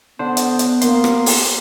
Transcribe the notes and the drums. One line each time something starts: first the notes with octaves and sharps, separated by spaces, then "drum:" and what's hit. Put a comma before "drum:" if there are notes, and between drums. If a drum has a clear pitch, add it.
D3 B3 D4 C5
drum: hi-hat
drum: hi-hat
A#3 C6, drum: hi-hat
drum: rim click
drum: open hi-hat